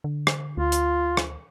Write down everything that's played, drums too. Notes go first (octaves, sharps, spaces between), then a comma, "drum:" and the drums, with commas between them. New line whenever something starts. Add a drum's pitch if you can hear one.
D3
drum: rim click
D2 F4
drum: hi-hat
drum: rim click